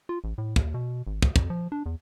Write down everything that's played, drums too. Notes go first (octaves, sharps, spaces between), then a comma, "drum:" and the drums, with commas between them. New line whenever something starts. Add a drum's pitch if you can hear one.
F4
A1
A2
D#2, drum: kick
B2
G#1
D2, drum: kick
F2, drum: kick
F3
D4
E2